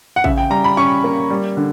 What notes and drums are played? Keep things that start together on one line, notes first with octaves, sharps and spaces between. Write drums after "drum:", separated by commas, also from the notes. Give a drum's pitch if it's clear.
F#5
C#3 E5, drum: kick A1
G5
G3 A#5
B5
C#4 C#6
A#3
G3
D3